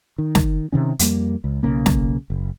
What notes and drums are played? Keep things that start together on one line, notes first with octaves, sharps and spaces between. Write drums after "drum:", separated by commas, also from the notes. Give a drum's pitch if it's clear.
D#3
drum: snare
C3 D#3 C#4
F2 G3 A#3, drum: hi-hat
C#2
B1 C#3 A#3
drum: snare
F#1